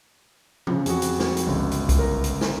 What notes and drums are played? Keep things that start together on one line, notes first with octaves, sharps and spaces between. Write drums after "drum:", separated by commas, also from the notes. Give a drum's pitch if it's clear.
C#3 F3, drum: tom E3
F2 F#4 G#4, drum: hi-hat
drum: hi-hat
drum: snare
drum: hi-hat
G1 C#2
drum: hi-hat
drum: kick B1, hi-hat
A#4
drum: hi-hat
drum: snare